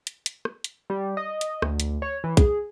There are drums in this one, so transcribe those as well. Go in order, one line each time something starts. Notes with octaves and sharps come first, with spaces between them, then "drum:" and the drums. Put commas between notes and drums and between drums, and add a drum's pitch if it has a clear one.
drum: hi-hat
drum: hi-hat
drum: rim click
drum: hi-hat
G3
D#5
drum: hi-hat
D2, drum: rim click
drum: hi-hat
C#5
E3
G#4, drum: kick B1, hi-hat